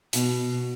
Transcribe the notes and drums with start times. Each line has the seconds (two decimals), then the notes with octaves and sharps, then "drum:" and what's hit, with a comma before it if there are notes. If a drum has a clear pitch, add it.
0.13 B2, drum: hi-hat